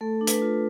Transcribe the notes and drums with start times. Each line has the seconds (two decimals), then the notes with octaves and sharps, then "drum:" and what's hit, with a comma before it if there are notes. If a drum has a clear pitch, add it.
0.01 A3 A4
0.21 D4
0.27 B4, drum: hi-hat
0.42 F4